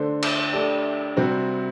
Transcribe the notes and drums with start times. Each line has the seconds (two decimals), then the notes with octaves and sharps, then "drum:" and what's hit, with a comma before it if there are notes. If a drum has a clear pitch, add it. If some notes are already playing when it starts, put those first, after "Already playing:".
Already playing: D3 A3 D4 A4 C5
0.22 drum: cymbal
0.53 A3 D4 G4 D5
1.17 C3 G3 C4 F#4